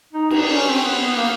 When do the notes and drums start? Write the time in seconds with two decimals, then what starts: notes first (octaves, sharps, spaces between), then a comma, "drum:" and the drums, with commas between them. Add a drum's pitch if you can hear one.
0.13 D#4
0.30 D#4, drum: cymbal
0.41 D4
0.54 C#4
0.69 C4
0.83 B3
1.07 B3
1.16 A#3